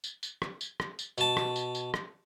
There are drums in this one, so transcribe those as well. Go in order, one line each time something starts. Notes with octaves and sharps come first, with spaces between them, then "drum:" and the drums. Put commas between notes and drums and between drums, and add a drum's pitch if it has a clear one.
drum: tambourine
drum: tambourine
drum: rim click
drum: tambourine
drum: rim click
drum: tambourine
B2 A5, drum: tambourine
drum: rim click
drum: tambourine
drum: tambourine
drum: rim click